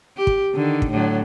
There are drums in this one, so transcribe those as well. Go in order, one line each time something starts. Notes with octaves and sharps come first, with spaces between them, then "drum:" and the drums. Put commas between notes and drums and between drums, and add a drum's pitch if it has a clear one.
G4
drum: kick
D3 D#3
drum: kick
A2 D3 F#3